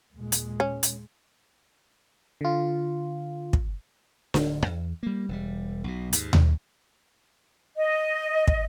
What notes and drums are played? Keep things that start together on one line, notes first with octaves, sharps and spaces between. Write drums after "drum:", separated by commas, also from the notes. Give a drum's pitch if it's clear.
D#2 A#2 G#3
drum: hi-hat
C#4
drum: hi-hat
D3 F4
drum: kick
D1 D3, drum: snare D4
E2
G3 A#3
E1 B2 G3
B1 B2
D#2 G#2, drum: hi-hat
drum: tom D#2
D#5
drum: kick